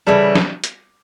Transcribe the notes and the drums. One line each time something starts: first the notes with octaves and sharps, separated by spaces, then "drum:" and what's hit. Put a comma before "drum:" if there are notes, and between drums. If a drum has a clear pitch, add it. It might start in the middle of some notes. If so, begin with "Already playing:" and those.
C#3 E3 G3 A3
drum: snare
drum: hi-hat